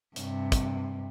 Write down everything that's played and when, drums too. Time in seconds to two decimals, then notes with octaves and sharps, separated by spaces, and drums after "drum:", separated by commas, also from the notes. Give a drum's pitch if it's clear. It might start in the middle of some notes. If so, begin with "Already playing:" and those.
0.16 G2 C3, drum: hi-hat
0.52 drum: kick, hi-hat